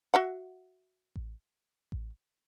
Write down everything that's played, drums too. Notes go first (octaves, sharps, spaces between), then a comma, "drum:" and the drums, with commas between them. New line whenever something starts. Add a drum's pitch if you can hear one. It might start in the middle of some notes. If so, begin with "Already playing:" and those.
F#4 E5 F#5
drum: kick A1
drum: kick A1